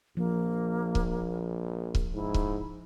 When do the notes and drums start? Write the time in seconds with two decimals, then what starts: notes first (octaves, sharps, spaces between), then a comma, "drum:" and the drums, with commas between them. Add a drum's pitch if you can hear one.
0.17 A#1 F3 A#3
0.95 drum: kick C#1
1.95 drum: kick C#1
2.14 G#2 E4
2.34 drum: kick C#1